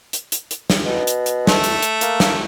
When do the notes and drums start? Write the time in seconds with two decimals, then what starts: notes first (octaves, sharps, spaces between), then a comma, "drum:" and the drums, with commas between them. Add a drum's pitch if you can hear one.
0.13 drum: hi-hat
0.32 drum: hi-hat
0.51 drum: hi-hat
0.70 drum: snare
0.86 B2
1.07 drum: hi-hat
1.26 drum: hi-hat
1.47 A3, drum: snare
1.64 drum: hi-hat
1.82 drum: hi-hat
2.01 A#3, drum: hi-hat
2.20 drum: snare